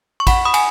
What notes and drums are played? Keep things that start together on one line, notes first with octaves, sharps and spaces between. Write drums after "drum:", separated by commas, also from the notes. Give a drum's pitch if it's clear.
C#6
F#5 B5, drum: kick, cymbal
B5 D#6
G#5, drum: cymbal